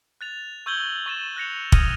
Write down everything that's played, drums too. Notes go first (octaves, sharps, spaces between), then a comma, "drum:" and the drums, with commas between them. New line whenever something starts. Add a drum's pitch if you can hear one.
F#6 A6 F7
C#6 E6 G6 G#6 F#7 G7
C#6 A6 E7
F#6 A#6 C#7 F7
D#6 F6 G#6 A#6 D#7 F7, drum: kick